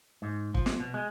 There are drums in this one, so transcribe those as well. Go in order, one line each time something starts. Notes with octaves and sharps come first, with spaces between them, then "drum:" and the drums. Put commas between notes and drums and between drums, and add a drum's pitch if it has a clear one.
G#2
F3, drum: kick
drum: snare
B2
G#3